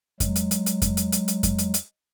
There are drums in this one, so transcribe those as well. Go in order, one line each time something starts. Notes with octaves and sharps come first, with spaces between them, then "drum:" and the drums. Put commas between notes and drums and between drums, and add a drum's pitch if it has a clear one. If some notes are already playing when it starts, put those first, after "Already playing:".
F#3 G#3, drum: kick F2, hi-hat
drum: hi-hat
drum: hi-hat
drum: hi-hat
drum: kick F2, hi-hat
drum: hi-hat
drum: hi-hat
drum: hi-hat
drum: kick F2, hi-hat
drum: hi-hat
drum: hi-hat